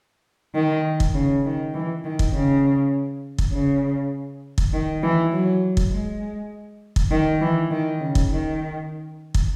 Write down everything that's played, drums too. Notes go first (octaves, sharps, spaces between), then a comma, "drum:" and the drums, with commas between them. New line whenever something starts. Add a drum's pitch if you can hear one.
D#3
drum: kick
C#3
D#3
E3
D#3
drum: kick
C#3
drum: kick
C#3
drum: kick
D#3
E3
F#3
drum: kick
G#3
drum: kick
D#3
E3
D#3
C#3
drum: kick
D#3
drum: kick